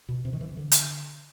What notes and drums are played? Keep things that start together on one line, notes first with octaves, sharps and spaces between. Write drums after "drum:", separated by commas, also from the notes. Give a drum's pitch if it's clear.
B2
C3
D#3
E3
D#3
D3
drum: hi-hat